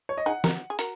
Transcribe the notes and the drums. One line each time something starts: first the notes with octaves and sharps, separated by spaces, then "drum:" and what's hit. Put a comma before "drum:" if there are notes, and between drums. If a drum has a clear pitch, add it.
C#5
D#5
D#4 G#4 F#5
F#4 A#4, drum: snare
G#4
F#4 A#4, drum: hi-hat